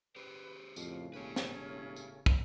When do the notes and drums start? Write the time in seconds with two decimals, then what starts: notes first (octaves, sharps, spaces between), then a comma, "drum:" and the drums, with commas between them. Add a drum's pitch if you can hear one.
0.16 G4 G#4 B4 C5
0.76 F2 A2 C#3 F5, drum: tambourine
1.14 E1 C#4 G4 A4 B4 C#5
1.36 drum: snare
1.96 drum: tambourine
2.26 drum: kick